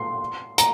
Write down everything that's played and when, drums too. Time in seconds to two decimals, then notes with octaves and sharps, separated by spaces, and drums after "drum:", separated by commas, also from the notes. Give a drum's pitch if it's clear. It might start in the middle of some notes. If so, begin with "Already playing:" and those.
Already playing: C6
0.58 A#5, drum: hi-hat